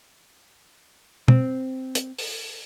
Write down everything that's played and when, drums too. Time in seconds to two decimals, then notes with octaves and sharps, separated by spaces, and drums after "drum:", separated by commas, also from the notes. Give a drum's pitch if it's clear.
1.28 C4, drum: tom
1.95 drum: hi-hat
2.18 drum: open hi-hat